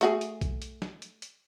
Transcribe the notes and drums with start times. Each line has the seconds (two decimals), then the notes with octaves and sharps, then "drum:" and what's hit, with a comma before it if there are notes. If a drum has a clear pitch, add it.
0.01 A3 F#4 G#4, drum: hi-hat
0.21 drum: hi-hat
0.41 drum: kick B1, hi-hat
0.62 drum: hi-hat
0.82 drum: snare
1.02 drum: hi-hat
1.22 drum: hi-hat